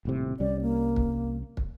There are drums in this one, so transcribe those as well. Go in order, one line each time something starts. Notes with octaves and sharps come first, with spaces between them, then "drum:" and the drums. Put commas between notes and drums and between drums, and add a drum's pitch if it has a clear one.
D#1 A2 C3
C2 G3 C#4 D5
A#3
drum: kick
drum: kick